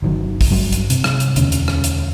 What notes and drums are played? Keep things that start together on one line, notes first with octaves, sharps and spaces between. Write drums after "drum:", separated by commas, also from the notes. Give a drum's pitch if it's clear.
G1 D#3 F#3
drum: kick, open hi-hat
G2 F#3
drum: hi-hat
C3, drum: hi-hat
drum: rim click
drum: hi-hat
E1 D2 D3 C#4, drum: hi-hat
drum: hi-hat
drum: rim click
drum: hi-hat